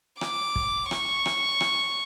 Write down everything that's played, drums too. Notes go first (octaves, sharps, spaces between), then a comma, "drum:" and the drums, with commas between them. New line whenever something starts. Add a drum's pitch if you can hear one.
D6, drum: rim click
drum: kick
C#6, drum: rim click
drum: rim click
drum: rim click